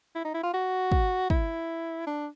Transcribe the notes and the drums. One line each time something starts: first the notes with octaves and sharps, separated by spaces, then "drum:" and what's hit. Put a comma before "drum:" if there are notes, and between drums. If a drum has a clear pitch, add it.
E4
D#4
E4
F4
F#4
drum: kick
E4, drum: kick
D4